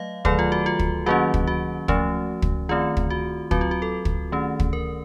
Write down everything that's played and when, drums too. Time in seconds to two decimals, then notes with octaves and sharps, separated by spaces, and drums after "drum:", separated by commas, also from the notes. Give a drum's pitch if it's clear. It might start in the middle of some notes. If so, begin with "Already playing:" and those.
Already playing: F#3 A3 D#5 F5
0.25 D#3 F#3 A3 A4, drum: kick
0.39 F4
0.52 F#4
0.66 F4
0.79 drum: kick
1.06 D#3 F#3 A#3 C#4 F#4
1.34 drum: kick
1.47 F#4
1.88 F3 A3 C#4, drum: kick
2.42 drum: kick
2.69 D#3 A3 C4 F4
2.97 drum: kick
3.10 F#4
3.51 F#3 C4 F#4, drum: kick
3.61 F4
3.71 F#4
3.82 A4
4.05 drum: kick
4.32 D#3 A3 C#4
4.60 drum: kick
4.73 A#4